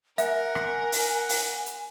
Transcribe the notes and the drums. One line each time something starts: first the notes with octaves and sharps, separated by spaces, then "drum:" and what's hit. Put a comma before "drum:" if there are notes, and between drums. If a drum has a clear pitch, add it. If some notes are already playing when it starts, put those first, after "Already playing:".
A#4 E5 F#5 G#5, drum: hi-hat
drum: rim click
drum: open hi-hat
drum: open hi-hat
drum: hi-hat